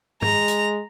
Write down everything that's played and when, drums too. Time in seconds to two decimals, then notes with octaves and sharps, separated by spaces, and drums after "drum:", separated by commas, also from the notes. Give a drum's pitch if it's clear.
0.22 G#3 A#5, drum: tom G#2
0.48 drum: hi-hat